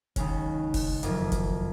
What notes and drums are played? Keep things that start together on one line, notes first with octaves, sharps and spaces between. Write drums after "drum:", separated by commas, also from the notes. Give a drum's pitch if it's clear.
D#2 C#3 G#3 C#4, drum: kick F1, hi-hat
drum: kick F1, open hi-hat
F#1 F2 F3, drum: hi-hat
drum: kick F1, hi-hat